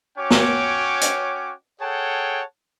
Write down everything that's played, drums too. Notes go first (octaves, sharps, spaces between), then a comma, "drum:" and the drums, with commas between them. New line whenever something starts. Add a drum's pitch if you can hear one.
C#4 F#4 C#5 G5 D6
drum: snare
drum: hi-hat
G#4 A4 C#5 F#5 G5 A5